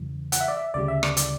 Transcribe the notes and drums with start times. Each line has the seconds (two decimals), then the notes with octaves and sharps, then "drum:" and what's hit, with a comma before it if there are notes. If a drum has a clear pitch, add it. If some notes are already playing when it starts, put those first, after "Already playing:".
Already playing: E2 C#3 E3 G3
0.32 F#5, drum: hi-hat
0.41 E5
0.48 D5
0.57 E5
0.74 D2 C#3 G3 D5
0.88 E5
1.03 D5, drum: rim click
1.17 D5, drum: hi-hat